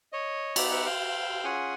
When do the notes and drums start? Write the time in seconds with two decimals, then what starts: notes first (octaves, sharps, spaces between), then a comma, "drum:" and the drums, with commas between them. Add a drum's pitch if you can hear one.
0.12 C#5 D#5
0.56 B3 D#4 G4 D5 E5, drum: cymbal
0.71 E5 F#5
0.85 F5 G5
1.44 C#4 F4 G#4 F#5 G#5